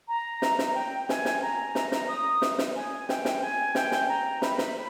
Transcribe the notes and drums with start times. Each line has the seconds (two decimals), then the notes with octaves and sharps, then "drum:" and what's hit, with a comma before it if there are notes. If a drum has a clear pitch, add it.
0.08 A#5
0.42 drum: snare
0.59 drum: snare
0.75 G5
1.09 G#5, drum: snare
1.25 drum: snare
1.42 A#5
1.75 drum: snare
1.92 drum: snare
2.08 D#6
2.42 drum: snare
2.58 drum: snare
2.76 G#5
3.09 G5, drum: snare
3.25 drum: snare
3.42 G#5
3.75 G5, drum: snare
3.92 drum: snare
4.08 A#5
4.42 B5, drum: snare
4.58 drum: snare